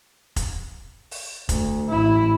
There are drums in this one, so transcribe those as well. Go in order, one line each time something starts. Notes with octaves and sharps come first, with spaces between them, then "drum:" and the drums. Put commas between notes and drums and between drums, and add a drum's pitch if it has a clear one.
drum: kick F1, hi-hat
drum: open hi-hat
D2, drum: kick F1, hi-hat
A1 E4